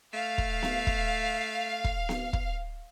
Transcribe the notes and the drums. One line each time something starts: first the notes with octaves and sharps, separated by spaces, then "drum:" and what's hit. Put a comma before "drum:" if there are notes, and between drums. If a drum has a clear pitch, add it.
A3 F5
drum: kick
drum: snare B3
drum: kick
drum: kick
drum: snare B3
drum: kick